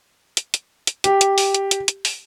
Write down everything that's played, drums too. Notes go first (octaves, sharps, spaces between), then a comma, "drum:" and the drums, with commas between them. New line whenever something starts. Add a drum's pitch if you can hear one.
drum: hi-hat
drum: hi-hat
drum: hi-hat
G4, drum: hi-hat
drum: hi-hat
drum: open hi-hat
drum: hi-hat
drum: hi-hat
drum: hi-hat
drum: open hi-hat